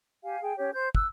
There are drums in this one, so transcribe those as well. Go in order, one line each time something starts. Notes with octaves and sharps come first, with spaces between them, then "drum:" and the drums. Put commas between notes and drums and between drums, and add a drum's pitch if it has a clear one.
G4 F5 G#5
G#4 G5
C#4 G4 C#5
C5 G6
E6 F#6, drum: kick